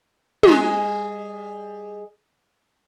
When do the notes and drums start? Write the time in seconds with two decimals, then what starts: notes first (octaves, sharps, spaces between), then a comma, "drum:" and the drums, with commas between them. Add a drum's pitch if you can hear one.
0.43 G3 G#4 D#5, drum: tom